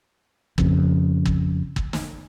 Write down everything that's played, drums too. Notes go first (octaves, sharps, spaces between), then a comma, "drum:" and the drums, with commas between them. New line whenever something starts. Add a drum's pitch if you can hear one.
F2 C#3, drum: kick G1
drum: kick G1
drum: kick G1
drum: snare